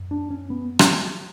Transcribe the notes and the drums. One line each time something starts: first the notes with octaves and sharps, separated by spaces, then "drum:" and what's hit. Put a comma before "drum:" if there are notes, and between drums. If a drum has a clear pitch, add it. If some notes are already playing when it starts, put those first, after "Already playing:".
Already playing: F#2
D4
C#4
B3
drum: rim click